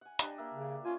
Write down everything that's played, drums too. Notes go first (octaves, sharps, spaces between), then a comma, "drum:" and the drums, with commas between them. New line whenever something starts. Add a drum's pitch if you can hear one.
F#5 G#5
D4 G4 D#5, drum: hi-hat
A#3 E5
C#3
C#4 F4 G#5